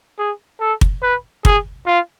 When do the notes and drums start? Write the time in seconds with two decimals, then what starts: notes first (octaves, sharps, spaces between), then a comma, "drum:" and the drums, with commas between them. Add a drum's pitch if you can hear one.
0.19 G#4
0.60 A4
0.81 drum: kick
1.02 B4
1.45 G#4, drum: kick
1.86 F4